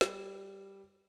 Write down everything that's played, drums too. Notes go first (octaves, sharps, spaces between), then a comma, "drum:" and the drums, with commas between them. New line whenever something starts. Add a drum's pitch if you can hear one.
G3, drum: snare